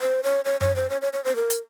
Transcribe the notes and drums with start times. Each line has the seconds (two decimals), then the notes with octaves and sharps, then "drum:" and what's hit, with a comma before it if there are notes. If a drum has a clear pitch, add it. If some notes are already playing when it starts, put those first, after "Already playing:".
0.01 C5
0.23 C#5
0.45 C#5
0.61 C#5, drum: tom F#2
0.76 C5
0.90 C#5
1.02 C#5
1.13 C#5
1.24 C5
1.36 A#4
1.50 drum: hi-hat